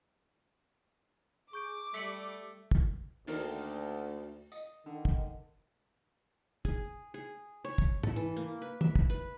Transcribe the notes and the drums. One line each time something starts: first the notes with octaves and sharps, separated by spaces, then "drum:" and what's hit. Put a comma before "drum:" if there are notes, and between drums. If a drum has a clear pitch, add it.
G#4 C#6 D6 G6 D7
G3 A3 B6 C#7 F#7
drum: kick
D2 D#3 A#3 A#4, drum: open hi-hat
D#5, drum: tambourine
D3 D#3
drum: kick
G#4, drum: kick
G#4
C#5
drum: kick
A4, drum: tom G#2
E3
A#3
B4
E5, drum: tom
drum: kick
B4